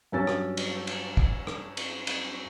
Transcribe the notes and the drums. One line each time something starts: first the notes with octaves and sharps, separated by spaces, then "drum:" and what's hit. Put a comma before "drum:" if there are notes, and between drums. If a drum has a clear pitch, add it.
G2 F#3 C#4 C#5 E6 A6
drum: rim click
drum: cymbal
drum: cymbal
drum: kick
drum: rim click
drum: cymbal
drum: cymbal